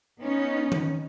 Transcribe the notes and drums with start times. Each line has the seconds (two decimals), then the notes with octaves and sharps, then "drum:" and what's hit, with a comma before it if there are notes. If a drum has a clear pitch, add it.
0.21 B3 C#4 D#4
0.72 drum: tom D#3